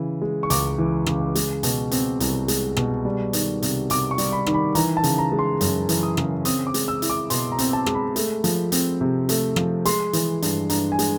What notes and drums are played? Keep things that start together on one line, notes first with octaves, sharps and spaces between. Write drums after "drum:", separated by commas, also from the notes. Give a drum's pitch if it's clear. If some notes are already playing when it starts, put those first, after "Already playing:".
Already playing: C#3 E3
G#3
C#6
C#2 D6, drum: hi-hat
E3
C#3, drum: rim click
G#3, drum: hi-hat
B2, drum: hi-hat
C4, drum: hi-hat
C2, drum: hi-hat
G#3, drum: hi-hat
B2, drum: rim click
G3
D#3, drum: hi-hat
C3, drum: hi-hat
C3 D6, drum: hi-hat
C#6
G3, drum: hi-hat
B5
D#3, drum: rim click
B5
E3 A#5, drum: hi-hat
A5
C#3, drum: hi-hat
A#5
G#3
C6
F#2, drum: hi-hat
E3, drum: hi-hat
D#6
C#3, drum: rim click
C4 D#6, drum: hi-hat
D6
G#3, drum: hi-hat
E6
E4, drum: hi-hat
D6
B2 C6, drum: hi-hat
A#5
C4, drum: hi-hat
A5
G#3, drum: rim click
B5
A3, drum: hi-hat
F3, drum: hi-hat
C4, drum: hi-hat
C3
A3, drum: hi-hat
F3, drum: rim click
G#3 C6, drum: hi-hat
E3, drum: hi-hat
G2, drum: hi-hat
G2 A#5, drum: hi-hat
G#5
G#3, drum: hi-hat